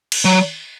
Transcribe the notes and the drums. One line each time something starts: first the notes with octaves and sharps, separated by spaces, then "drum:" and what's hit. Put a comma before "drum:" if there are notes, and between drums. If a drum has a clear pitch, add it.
drum: cymbal
F#3